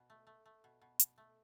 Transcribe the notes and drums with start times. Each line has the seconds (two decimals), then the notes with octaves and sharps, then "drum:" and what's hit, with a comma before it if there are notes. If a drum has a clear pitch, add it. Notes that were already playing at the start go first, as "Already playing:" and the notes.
Already playing: B2
0.10 A3
0.27 A3
0.46 A3
0.64 B2
0.82 B2
0.99 B2, drum: hi-hat
1.18 A3